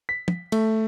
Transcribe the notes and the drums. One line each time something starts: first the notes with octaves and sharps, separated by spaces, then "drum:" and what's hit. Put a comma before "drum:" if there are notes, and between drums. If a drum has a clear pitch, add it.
B6
drum: tom
A3, drum: cymbal